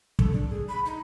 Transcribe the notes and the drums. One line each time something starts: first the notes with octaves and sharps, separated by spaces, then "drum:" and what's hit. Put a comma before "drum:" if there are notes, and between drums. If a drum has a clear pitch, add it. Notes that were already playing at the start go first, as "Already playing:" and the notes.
A4, drum: kick
D4
G#4
B5
D#4